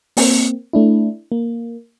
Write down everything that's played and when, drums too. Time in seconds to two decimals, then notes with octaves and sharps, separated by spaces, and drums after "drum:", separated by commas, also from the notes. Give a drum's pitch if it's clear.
0.17 A#3 C4, drum: open hi-hat
0.73 A3 D4 E4
1.32 A#3